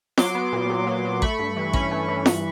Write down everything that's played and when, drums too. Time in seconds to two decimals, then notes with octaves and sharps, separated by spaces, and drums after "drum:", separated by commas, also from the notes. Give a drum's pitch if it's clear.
0.18 F#3 C6 D6, drum: snare
0.35 B3
0.53 A#2
0.70 A#2
0.87 F#3
1.05 F#3
1.22 A3 B5 C#6, drum: kick A1
1.39 G2
1.56 E3
1.73 C#4 B5 C#6, drum: kick A1
1.91 A3
2.08 E3
2.26 G2, drum: snare